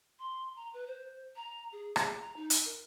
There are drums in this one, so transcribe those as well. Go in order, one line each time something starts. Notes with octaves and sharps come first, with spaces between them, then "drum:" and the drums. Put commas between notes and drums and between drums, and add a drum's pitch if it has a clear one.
C6
A#5
B4
C5
A#5
G#4
G#4, drum: rim click
A#5
D#4
drum: hi-hat
A#4